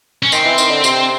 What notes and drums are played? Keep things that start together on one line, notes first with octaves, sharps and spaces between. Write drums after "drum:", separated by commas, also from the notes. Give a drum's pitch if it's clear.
C#4
D#3 C4, drum: tambourine
E3
D#3, drum: tambourine
D3
C3, drum: tambourine